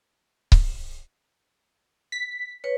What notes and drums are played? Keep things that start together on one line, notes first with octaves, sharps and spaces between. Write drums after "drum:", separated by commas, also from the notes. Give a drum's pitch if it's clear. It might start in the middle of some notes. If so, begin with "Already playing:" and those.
drum: kick C#1
B6
B4 C#5